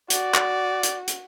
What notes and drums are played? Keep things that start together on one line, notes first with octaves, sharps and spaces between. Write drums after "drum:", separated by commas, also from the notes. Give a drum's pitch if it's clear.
F#4 D5, drum: hi-hat
drum: clap
drum: hi-hat
drum: hi-hat